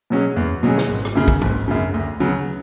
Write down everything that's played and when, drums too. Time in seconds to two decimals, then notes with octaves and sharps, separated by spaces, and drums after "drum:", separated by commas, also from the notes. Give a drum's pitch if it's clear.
0.10 B2 F#3 C#4 G#4
0.37 E2
0.63 B2 F#3 C#4 G#4
0.78 drum: snare
0.89 G#1
1.05 drum: rim click
1.15 F#2 C#3
1.28 drum: kick
1.42 G#1, drum: tom G#2
1.68 F#2 C#3
1.94 D2
2.20 C#3 F#3 B3